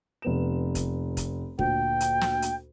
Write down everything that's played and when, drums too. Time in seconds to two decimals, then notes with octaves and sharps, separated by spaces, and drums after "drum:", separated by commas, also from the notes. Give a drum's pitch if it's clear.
0.22 F1 B3 E7
0.75 drum: kick, hi-hat
1.17 drum: kick, hi-hat
1.59 D2 A#2 G5, drum: kick
2.00 drum: hi-hat
2.21 drum: snare
2.42 drum: hi-hat